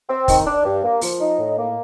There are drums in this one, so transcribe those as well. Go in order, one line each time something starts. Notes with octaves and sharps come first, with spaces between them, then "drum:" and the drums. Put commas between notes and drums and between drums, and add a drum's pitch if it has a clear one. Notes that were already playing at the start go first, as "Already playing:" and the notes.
C4
D#3, drum: kick, open hi-hat
D4
G2
A#3
F3, drum: open hi-hat
D#4
A2
A#3